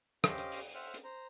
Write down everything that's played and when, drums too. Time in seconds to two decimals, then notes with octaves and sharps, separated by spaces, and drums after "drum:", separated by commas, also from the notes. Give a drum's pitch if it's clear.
0.24 C#4 G4 C5 D#5 F5 G5, drum: rim click
0.38 drum: hi-hat
0.52 drum: open hi-hat
0.74 C5 E5 F#5 F6
0.94 drum: hi-hat
1.04 C5 A#5